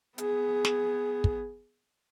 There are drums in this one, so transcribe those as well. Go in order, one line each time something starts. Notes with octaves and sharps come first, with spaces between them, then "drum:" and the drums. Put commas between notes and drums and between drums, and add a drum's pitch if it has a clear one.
B3 G#4, drum: hi-hat
drum: snare
drum: kick